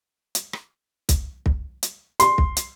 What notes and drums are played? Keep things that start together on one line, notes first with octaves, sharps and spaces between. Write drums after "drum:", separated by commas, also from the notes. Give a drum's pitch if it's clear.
drum: hi-hat
drum: rim click
drum: kick, hi-hat
drum: kick
drum: hi-hat
C6, drum: hi-hat
drum: kick
drum: hi-hat